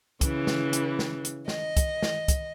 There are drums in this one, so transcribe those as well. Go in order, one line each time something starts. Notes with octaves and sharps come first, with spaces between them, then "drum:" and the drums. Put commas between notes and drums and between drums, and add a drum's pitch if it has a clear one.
C#3 E3, drum: kick, hi-hat
drum: snare
drum: hi-hat
drum: snare
drum: hi-hat
D#5, drum: snare
drum: kick, hi-hat
drum: snare
drum: kick, hi-hat